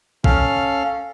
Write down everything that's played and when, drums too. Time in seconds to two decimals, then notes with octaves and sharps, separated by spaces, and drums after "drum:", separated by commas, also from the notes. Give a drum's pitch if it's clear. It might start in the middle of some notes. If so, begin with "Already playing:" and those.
0.24 C#4 A4 F5 F6, drum: kick